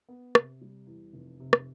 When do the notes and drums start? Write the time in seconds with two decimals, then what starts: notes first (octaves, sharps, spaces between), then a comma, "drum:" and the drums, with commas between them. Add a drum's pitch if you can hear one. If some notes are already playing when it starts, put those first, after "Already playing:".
0.09 B3
0.35 C3, drum: rim click
0.61 G3
0.87 E2
1.13 F1
1.40 C3
1.53 drum: rim click